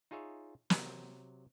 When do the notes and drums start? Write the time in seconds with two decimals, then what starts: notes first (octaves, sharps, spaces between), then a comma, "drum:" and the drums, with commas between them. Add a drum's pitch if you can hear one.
0.11 D#4 F4 G#4 C#5 E5
0.70 C3 F#3 A#5, drum: snare